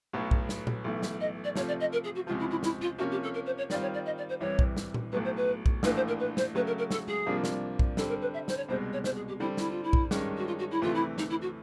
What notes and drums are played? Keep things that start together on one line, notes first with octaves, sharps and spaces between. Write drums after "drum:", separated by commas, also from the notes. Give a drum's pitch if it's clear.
B1 A2 F#3 B3
drum: kick A#1
drum: snare
drum: tom A#2
B1 A2 E3 A3
drum: snare
D#5
D5
C3 F3 A3 C#5, drum: snare
D5
D#5
A#4
G#4
F#4
C#2 C3 F3 F4
E4
E4
E4, drum: snare
F4, drum: tom G#3
C3 F3 A#3 C#4 F#4
G4
A4
A#4
C5
C#5
D#3 G3 C4 F4 D5, drum: snare
C#5
D5
D#5
D5
C5
C2 C3 E3 C#5
drum: kick A#1
drum: snare
drum: tom A#2
B1 A2 F#3 B4
C5
B4
drum: kick A#1
A#1 A2 E3 A3 D4 B4, drum: snare
C5
A#4
B4
C5, drum: snare
C#3 F#3 A3 B4
A#4
A#4
A4, drum: snare
G#4, drum: tom G#3
C2 C3 F3 A#3 D4
drum: snare
drum: kick A#1
D3 G3 C4 A4, drum: snare
A#4
B4
E5
C5, drum: snare
C#5
C2 B2 G#3 C5
C#5
C5, drum: snare
G#4
G4
D3 G3 C4 E4
E4, drum: snare
F4
E4
drum: kick A#1
G2 D#3 G#3 C#4, drum: snare
F#4
F4
F#4
E4
D2 C3 E3 A3 F4
E4
D#4, drum: snare
E4
F#4